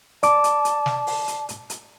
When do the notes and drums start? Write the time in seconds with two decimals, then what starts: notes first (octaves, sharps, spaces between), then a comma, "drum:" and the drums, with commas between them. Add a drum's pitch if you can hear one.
0.23 D5 A5 D6, drum: hi-hat
0.44 drum: hi-hat
0.65 drum: hi-hat
0.86 drum: snare
1.07 drum: open hi-hat
1.28 drum: hi-hat
1.49 drum: hi-hat
1.70 drum: hi-hat